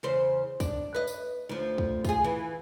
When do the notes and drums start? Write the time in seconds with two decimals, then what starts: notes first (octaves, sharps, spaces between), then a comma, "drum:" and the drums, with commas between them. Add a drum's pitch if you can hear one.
0.03 E2 C#3 C5
0.60 D4, drum: kick, tambourine
0.95 B4 D#5
1.07 drum: tambourine
1.49 D2 F3
1.78 drum: kick
2.05 F4 G#4, drum: kick, tambourine
2.24 E3